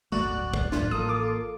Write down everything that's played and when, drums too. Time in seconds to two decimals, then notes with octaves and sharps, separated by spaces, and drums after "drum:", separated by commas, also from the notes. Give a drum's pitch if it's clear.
0.12 D1 G1 A3 F#4 D5 F#6
0.54 drum: kick
0.72 D1 A1 F4, drum: snare
0.91 A1 A#3 A4 D#6, drum: tom
1.09 D6